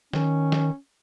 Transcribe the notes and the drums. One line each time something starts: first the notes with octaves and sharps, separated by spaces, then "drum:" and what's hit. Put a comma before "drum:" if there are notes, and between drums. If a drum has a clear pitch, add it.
D#3 C#4, drum: snare
drum: snare